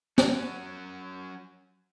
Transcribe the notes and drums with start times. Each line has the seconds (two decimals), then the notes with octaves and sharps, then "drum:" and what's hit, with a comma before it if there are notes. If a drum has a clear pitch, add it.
0.18 F#3 C#4, drum: snare